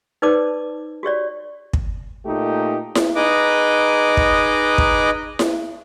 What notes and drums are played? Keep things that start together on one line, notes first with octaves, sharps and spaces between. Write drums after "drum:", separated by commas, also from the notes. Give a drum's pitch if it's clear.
D#4 B4 C5 D5 A5 D6
F#4 G4 C#5 D5
drum: kick
A#2 A3 D#4 G4
drum: snare E4
D#4 G#4 B4 D#5 D6
drum: kick
drum: kick
drum: snare E4